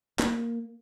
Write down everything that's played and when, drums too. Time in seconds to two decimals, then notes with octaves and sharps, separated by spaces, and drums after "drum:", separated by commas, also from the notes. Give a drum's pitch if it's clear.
0.19 A#3, drum: clap